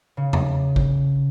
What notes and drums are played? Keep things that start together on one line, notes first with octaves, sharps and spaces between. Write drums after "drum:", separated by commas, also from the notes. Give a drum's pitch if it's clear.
C#3
drum: tom E2
drum: kick